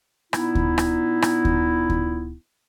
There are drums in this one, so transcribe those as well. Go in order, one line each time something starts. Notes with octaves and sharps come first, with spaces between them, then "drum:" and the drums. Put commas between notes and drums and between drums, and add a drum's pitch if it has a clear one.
A#2 B3 D#4 E4, drum: rim click
drum: kick D2
drum: rim click
drum: rim click
drum: kick D2
drum: kick D2